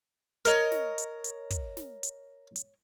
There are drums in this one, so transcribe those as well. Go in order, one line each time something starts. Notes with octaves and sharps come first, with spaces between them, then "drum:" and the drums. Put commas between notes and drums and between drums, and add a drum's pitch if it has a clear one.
A#4 C#5 D#5 F6, drum: hi-hat
drum: snare
drum: hi-hat
drum: hi-hat
drum: kick, hi-hat
drum: snare
drum: hi-hat
drum: hi-hat